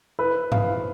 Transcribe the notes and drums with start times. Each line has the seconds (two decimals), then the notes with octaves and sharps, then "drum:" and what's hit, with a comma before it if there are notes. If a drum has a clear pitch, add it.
0.19 B4
0.52 F5, drum: tom G2